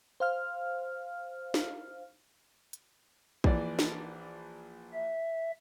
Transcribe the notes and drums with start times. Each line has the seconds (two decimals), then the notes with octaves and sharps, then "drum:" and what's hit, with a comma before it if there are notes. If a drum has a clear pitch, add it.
0.20 C5 F5 F6
1.54 drum: snare
2.73 drum: hi-hat
3.44 A#1 E3 D5, drum: kick
3.79 drum: snare
4.93 E5